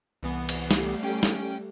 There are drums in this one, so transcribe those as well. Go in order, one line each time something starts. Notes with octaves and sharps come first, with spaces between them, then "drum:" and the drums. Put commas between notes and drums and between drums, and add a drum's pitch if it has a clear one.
C2 E3 B3
drum: cymbal
G3 A3, drum: snare
C#4 G5
drum: snare